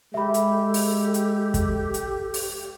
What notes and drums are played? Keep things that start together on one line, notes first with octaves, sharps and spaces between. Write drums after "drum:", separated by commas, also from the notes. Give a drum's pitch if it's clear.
G#3 G4 A4 E5 B5
drum: hi-hat
drum: open hi-hat
drum: hi-hat
drum: kick, hi-hat
drum: hi-hat
drum: open hi-hat